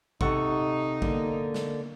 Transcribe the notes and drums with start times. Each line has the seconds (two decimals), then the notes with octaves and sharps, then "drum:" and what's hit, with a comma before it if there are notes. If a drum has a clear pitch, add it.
0.21 C3 D#4 A4 F#5 C#6, drum: kick
1.02 D3 A#3, drum: kick
1.54 drum: snare